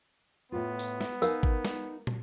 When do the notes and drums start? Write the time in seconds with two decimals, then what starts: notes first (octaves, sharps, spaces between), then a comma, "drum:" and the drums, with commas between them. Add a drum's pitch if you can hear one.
0.52 A2 B3 F4
0.79 drum: tambourine
1.01 drum: snare
1.22 D#4 A#4 F5 G#5, drum: tambourine
1.43 drum: kick G#1
1.65 drum: snare
2.07 drum: tom